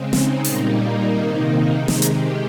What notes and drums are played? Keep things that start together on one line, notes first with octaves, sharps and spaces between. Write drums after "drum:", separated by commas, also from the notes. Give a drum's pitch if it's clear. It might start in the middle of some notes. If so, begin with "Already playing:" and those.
Already playing: C#3 G#3 C4
D#4, drum: snare
A#2 G3 A#3 D#4, drum: open hi-hat
C3 D#3 A#3 D#4
C3 D#3 G#3 D#4
drum: snare
G4, drum: hi-hat